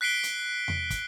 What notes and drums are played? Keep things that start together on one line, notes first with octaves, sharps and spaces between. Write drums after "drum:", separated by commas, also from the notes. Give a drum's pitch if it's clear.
F#6 B6 C7 D7 G7
drum: hi-hat
drum: tom E2
drum: kick, hi-hat